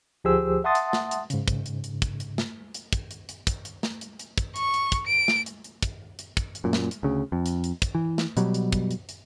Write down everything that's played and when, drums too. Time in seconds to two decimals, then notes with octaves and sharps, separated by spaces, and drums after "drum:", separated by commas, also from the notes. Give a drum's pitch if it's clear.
0.24 D2 F3 G4 G#4 C5 E6
0.64 E5 F#5 A5 C6 D#6 A6
0.75 drum: hi-hat
0.93 drum: snare
1.11 drum: hi-hat
1.30 G#2 C#3, drum: hi-hat
1.48 drum: kick, hi-hat
1.66 drum: hi-hat
1.84 drum: hi-hat
2.02 drum: kick, hi-hat
2.20 drum: hi-hat
2.38 drum: snare
2.74 drum: hi-hat
2.93 drum: kick, hi-hat
3.11 drum: hi-hat
3.29 drum: hi-hat
3.47 drum: kick, hi-hat
3.65 drum: hi-hat
3.83 drum: snare
4.01 drum: hi-hat
4.19 drum: hi-hat
4.38 drum: kick, hi-hat
4.56 C#6, drum: hi-hat
4.74 drum: hi-hat
4.92 drum: kick, hi-hat
5.07 D7
5.28 drum: snare
5.46 drum: hi-hat
5.64 drum: hi-hat
5.83 drum: kick, hi-hat
6.19 drum: hi-hat
6.37 drum: kick, hi-hat
6.55 drum: hi-hat
6.64 F#2 A#2
6.73 drum: snare
6.91 drum: hi-hat
7.03 D2 C#3
7.32 F2
7.46 drum: hi-hat
7.64 drum: hi-hat
7.82 drum: kick, hi-hat
7.95 E3
8.18 drum: snare
8.37 B2 F#3 G3, drum: hi-hat
8.54 drum: hi-hat
8.72 drum: kick, hi-hat
8.91 drum: hi-hat
9.09 drum: hi-hat